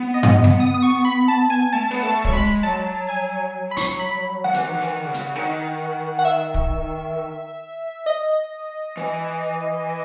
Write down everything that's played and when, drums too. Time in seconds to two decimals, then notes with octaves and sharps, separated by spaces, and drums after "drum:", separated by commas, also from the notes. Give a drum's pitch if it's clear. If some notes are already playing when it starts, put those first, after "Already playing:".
Already playing: B3
0.14 D#5
0.23 drum: tom G2
0.44 drum: snare G3
0.60 D#6
0.74 D#6
0.83 C#6
1.05 B5
1.28 A5
1.50 G#5
1.62 G#5
1.73 A3 A5
1.91 B3
2.03 A3 A5
2.24 F#3 C#6, drum: kick
2.33 G#3 B5
2.63 F#3 A5
3.09 G#5
3.71 B5
3.77 C#6, drum: open hi-hat
3.99 B5
4.44 D#3 F#5
4.54 E3, drum: hi-hat
4.64 D#3
4.75 D#3
4.82 E3
4.89 D#3
5.05 C#3
5.14 drum: hi-hat
5.35 D#3
6.19 F#5
6.25 E5
6.54 drum: kick
8.06 D#5
8.97 E3